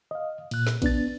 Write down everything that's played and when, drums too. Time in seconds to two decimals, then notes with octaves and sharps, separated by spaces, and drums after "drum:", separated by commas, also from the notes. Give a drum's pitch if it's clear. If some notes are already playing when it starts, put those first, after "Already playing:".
0.11 D#5 F5
0.51 A#2 F#6, drum: cymbal
0.67 drum: snare
0.82 B3 D4 A6, drum: kick, cymbal